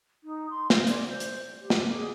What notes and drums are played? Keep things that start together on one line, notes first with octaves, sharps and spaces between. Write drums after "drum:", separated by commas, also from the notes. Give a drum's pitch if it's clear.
D#4
C6
F5, drum: snare
D5, drum: hi-hat
C5
drum: hi-hat
G4
drum: snare
G#4